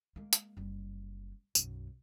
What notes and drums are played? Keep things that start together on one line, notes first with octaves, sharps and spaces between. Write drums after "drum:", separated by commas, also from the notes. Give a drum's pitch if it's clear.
G#3 A#3
drum: hi-hat
F#1 G3
B1 F#2, drum: tambourine